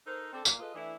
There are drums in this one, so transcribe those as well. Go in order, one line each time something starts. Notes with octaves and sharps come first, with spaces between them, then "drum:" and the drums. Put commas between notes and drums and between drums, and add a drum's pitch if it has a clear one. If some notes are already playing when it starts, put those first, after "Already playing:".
D#4 A4 A#4 C5
C4 D4 A4
A#2 A#3, drum: tambourine
F4 G#4 A4 B4 D#5
E3 A3 D4 E4